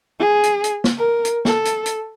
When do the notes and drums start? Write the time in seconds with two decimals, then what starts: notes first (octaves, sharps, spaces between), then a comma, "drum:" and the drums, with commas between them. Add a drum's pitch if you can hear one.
0.20 G#4
0.43 drum: hi-hat
0.64 drum: hi-hat
0.84 drum: snare
0.98 A#4
1.25 drum: hi-hat
1.45 A4, drum: snare
1.65 drum: hi-hat
1.86 drum: hi-hat